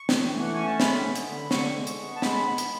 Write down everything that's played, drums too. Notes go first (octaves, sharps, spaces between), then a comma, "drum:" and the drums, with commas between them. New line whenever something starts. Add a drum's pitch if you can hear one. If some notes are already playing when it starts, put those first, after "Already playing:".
Already playing: C#6
E3, drum: snare
A3
F#5
C#4 G#5
A5
G#3 B5, drum: snare
B3
drum: hi-hat
D3
D3 C#6, drum: snare
G#3
drum: hi-hat
B3
A5
G#3 B5, drum: snare
B3
drum: hi-hat